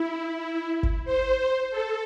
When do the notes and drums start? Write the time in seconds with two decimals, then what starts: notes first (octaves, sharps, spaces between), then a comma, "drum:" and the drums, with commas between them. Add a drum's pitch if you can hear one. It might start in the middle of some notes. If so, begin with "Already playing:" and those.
Already playing: E4
0.83 drum: kick G1
1.05 C5
1.71 A4